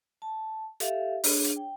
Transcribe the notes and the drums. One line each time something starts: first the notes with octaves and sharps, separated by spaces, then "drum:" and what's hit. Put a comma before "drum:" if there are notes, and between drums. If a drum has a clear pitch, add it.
A5
G4 A4 E5 F5, drum: hi-hat
D4 G#4 C#5, drum: open hi-hat
drum: hi-hat
G5